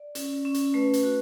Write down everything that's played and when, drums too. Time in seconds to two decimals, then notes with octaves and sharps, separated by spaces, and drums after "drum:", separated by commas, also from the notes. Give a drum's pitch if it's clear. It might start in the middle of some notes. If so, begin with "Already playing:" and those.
Already playing: D5
0.15 C#4, drum: hi-hat
0.45 C#4
0.54 drum: hi-hat
0.74 A3 B4
0.94 drum: hi-hat
1.03 F#4